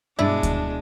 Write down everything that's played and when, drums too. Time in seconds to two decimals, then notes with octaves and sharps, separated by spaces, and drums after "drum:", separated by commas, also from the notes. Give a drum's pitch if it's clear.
0.19 G2 B2 G#3 D4 E4 D5
0.43 drum: kick D2, hi-hat